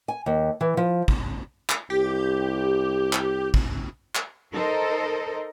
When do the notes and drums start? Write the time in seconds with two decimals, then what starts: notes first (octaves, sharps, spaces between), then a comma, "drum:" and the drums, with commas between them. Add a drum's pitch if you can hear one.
0.08 G#5
0.26 D#2
0.61 E3
0.77 F3
1.08 drum: kick
1.70 drum: clap
1.90 C2 G4
3.13 drum: clap
3.54 drum: kick
4.15 drum: clap
4.53 D#4 A4 A#4 C5 D#5